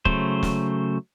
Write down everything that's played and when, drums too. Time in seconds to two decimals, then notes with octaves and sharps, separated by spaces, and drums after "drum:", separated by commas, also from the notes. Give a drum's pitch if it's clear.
0.05 C#3 F#3 A3 C5, drum: kick
0.43 drum: snare